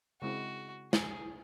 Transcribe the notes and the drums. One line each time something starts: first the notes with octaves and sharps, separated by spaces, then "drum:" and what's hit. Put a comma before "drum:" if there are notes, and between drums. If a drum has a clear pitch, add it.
C#3 G#3 C4 E4 F#4
G#4, drum: snare